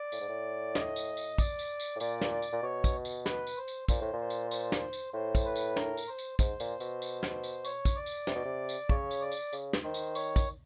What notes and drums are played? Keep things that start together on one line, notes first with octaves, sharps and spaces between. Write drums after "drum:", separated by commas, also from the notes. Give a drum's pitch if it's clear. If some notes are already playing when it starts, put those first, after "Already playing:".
Already playing: D5
A2, drum: tambourine
G#2
A2
D#5, drum: snare
drum: tambourine
drum: tambourine
D5, drum: kick, tambourine
drum: tambourine
drum: tambourine
A2
A#2 D5, drum: tambourine
drum: snare
D5
drum: tambourine
A#2
B2 C#5
drum: kick, tambourine
drum: tambourine
B4, drum: snare
drum: tambourine
C5
drum: tambourine
A#2 C5, drum: kick, tambourine
A2
A#2
C5
drum: tambourine
C5, drum: tambourine
drum: snare
drum: tambourine
A2 C5
drum: kick, tambourine
B4
drum: tambourine
A#4, drum: snare
drum: tambourine
C5
drum: tambourine
G#2 C5, drum: kick, tambourine
A#2, drum: tambourine
B2, drum: tambourine
drum: tambourine
drum: snare
drum: tambourine
C#5, drum: tambourine
drum: kick, tambourine
D5
drum: tambourine
C3, drum: snare
B2
C3
drum: tambourine
C#3 C#5, drum: kick
drum: tambourine
D5
drum: tambourine
C#3, drum: tambourine
drum: snare
D#3 C5
drum: tambourine
C#5, drum: tambourine
drum: kick, tambourine